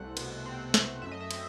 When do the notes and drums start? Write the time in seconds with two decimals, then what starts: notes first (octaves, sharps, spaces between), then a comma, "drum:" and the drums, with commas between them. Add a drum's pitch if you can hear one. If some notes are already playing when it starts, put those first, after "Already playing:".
Already playing: C2 A3 C4 F#5
0.17 B2, drum: cymbal
0.46 C4
0.74 A3, drum: snare
1.02 F#2 E5
1.11 D#5
1.21 E5
1.31 C4, drum: cymbal